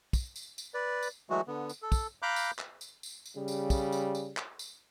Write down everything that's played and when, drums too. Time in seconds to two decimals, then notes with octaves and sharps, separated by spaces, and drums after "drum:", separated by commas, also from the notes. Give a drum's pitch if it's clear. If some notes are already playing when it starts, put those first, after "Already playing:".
0.13 drum: kick, tambourine
0.36 drum: tambourine
0.58 drum: tambourine
0.74 B4 D5
1.03 drum: tambourine
1.30 E3 F#3 G#3 A3 F#4
1.47 D3 B3
1.69 drum: tambourine
1.82 A4
1.92 drum: kick, tambourine
2.22 F5 A#5 B5 D6 F#6 G6
2.36 drum: tambourine
2.59 drum: clap
2.81 drum: tambourine
3.03 drum: tambourine
3.26 drum: tambourine
3.35 C#3 G3
3.48 drum: tambourine
3.70 drum: kick, tambourine
3.92 drum: tambourine
4.15 drum: tambourine
4.37 drum: clap
4.59 drum: tambourine